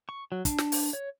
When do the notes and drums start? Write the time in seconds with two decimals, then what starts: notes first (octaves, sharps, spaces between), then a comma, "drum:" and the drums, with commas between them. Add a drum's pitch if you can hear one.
0.09 C#6
0.32 F#3
0.45 D4, drum: kick, hi-hat
0.58 drum: snare
0.72 drum: open hi-hat
0.93 C#5